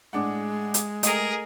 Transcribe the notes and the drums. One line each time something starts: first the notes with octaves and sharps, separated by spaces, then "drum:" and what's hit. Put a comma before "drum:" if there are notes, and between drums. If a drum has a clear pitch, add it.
A2 G#3 D4 F#5
drum: hi-hat
A3 G#4 A#4 D#5 G5, drum: hi-hat